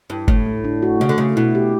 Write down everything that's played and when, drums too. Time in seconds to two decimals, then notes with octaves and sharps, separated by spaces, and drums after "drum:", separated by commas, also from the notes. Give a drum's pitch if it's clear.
0.10 G2 E4
0.28 A2 A3, drum: kick G1
0.46 A3
0.64 D4
0.82 F#4
1.00 C#3 A3
1.09 D3
1.18 C#3 A3
1.36 B2 E4
1.55 G4